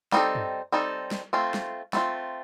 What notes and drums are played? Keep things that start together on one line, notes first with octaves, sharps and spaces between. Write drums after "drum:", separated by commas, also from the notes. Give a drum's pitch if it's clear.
G3 C4 D#4 A4, drum: snare
drum: tom
G3 C4 D#4 A4
drum: snare
A3 C4 F4
drum: snare
A3 C4 F4, drum: snare